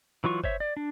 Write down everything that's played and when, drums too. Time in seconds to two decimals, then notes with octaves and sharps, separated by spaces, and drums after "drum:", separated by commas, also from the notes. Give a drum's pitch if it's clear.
0.24 E3 F#3 F4 C#6
0.44 C5 C#5 E5, drum: kick G1
0.60 D5
0.77 D4